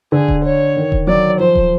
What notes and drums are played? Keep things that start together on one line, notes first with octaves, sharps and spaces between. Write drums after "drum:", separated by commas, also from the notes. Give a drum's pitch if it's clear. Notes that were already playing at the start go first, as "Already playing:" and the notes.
D3 G#4
drum: kick D#1
C#5
D#3
drum: kick D#1
F#3 D5
F3 C5
drum: kick D#1